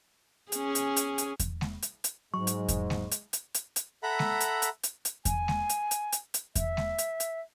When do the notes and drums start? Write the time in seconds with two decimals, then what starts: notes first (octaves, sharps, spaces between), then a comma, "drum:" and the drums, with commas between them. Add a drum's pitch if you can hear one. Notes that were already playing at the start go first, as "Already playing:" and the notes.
0.52 C#4 G#4, drum: hi-hat
0.75 drum: hi-hat
0.97 drum: hi-hat
1.18 drum: hi-hat
1.40 drum: kick E2, hi-hat
1.61 drum: snare G#3
1.83 drum: hi-hat
2.04 drum: hi-hat
2.34 G#2 F#3 G#3 C#6
2.47 drum: hi-hat
2.69 drum: kick E2, hi-hat
2.90 drum: snare G#3
3.12 drum: hi-hat
3.33 drum: hi-hat
3.55 drum: hi-hat
3.76 drum: hi-hat
4.03 A4 E5 F#5 A#5 B5
4.19 drum: snare G#3
4.41 drum: hi-hat
4.62 drum: hi-hat
4.84 drum: hi-hat
5.05 drum: hi-hat
5.25 G#5, drum: kick E2, hi-hat
5.48 drum: snare G#3
5.70 drum: hi-hat
5.91 drum: hi-hat
6.13 drum: hi-hat
6.34 drum: hi-hat
6.56 E5, drum: kick E2, hi-hat
6.77 drum: snare G#3
6.99 drum: hi-hat
7.20 drum: hi-hat